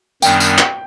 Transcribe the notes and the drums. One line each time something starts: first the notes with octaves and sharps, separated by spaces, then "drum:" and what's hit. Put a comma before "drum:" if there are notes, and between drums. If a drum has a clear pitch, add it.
F#2 D#3 G3 B3 D4 G5, drum: tambourine
drum: tambourine
drum: clap